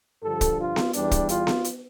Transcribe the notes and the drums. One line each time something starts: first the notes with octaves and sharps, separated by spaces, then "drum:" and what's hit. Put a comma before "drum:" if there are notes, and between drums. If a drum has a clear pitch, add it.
G2 D3 F3 A4
drum: kick, hi-hat
F4
drum: snare B3
E2 E3 G3 D4, drum: hi-hat
drum: kick, hi-hat
F4, drum: hi-hat
drum: snare B3
drum: hi-hat